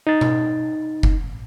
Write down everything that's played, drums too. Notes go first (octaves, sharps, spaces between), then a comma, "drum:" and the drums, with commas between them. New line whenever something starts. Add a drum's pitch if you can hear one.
D#4 A6
drum: tom B2
drum: kick F#1